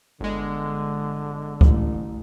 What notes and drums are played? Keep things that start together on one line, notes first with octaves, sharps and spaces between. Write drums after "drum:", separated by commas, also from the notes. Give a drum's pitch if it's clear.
G1 D3 G#3
A1, drum: kick C#2